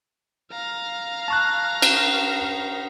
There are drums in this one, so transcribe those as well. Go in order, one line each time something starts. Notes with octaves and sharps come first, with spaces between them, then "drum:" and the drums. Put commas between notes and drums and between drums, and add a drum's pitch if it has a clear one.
F5 A#5
A5 C#6 F#6
drum: cymbal